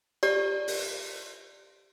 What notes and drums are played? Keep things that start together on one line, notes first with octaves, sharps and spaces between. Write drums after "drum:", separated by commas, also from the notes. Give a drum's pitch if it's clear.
G4 D5, drum: cymbal
drum: open hi-hat